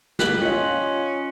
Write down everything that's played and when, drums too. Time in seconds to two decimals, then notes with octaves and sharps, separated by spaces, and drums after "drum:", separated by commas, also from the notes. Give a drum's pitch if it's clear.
0.19 G4 F#6 B6 F#7, drum: snare
0.42 C#4 F4 D#5